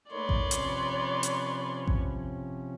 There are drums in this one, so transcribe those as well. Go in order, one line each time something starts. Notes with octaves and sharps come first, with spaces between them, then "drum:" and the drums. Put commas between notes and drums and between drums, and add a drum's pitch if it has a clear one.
A3 A#3 D#4 B4 C#5 D5 C6
drum: kick A1
C3 F3 C#4, drum: hi-hat
drum: hi-hat
drum: kick A1